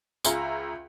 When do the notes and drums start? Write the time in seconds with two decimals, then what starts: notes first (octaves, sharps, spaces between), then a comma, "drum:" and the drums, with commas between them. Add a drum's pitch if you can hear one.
0.24 C#2 F4 G#4 E5 A#5, drum: tambourine